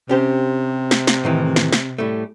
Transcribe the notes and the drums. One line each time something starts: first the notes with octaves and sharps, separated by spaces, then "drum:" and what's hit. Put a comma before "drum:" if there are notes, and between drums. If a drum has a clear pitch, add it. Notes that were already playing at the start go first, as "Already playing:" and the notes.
C3 C#4 G4 C5
drum: snare
drum: snare
A2 D#3 E3
drum: snare
drum: snare
A2 G3 A3